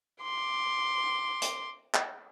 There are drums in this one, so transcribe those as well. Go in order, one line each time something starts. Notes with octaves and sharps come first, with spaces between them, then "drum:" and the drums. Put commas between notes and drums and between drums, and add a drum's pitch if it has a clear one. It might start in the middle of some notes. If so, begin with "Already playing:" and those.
C6 D6
drum: hi-hat
drum: clap